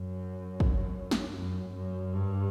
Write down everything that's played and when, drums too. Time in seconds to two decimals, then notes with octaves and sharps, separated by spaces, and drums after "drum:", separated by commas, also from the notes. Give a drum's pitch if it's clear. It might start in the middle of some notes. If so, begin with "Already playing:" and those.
Already playing: F#2
0.60 drum: kick
1.11 drum: snare
1.37 F#2
1.76 F#2
2.14 G2